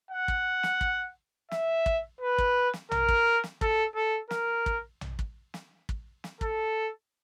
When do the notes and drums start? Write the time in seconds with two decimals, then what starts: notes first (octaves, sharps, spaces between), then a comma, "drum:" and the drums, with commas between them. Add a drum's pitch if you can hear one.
0.11 F#5
0.28 drum: kick
0.63 drum: snare
0.81 drum: kick
1.51 E5, drum: snare
1.86 drum: kick
2.21 B4
2.38 drum: kick
2.73 drum: snare
2.91 A#4, drum: tom A#1
3.09 drum: kick
3.44 drum: snare
3.61 A4, drum: kick
3.95 A4
4.31 A#4, drum: snare
4.66 drum: kick
5.01 drum: tom A#1
5.19 drum: kick
5.54 drum: snare
5.89 drum: kick
6.24 drum: snare
6.41 A4, drum: kick